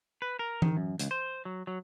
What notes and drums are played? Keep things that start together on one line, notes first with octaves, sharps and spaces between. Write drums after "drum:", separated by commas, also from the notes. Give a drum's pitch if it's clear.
B4
A#4
D#3, drum: tom E3
F#2
C#2, drum: hi-hat
C5
F#3
F#3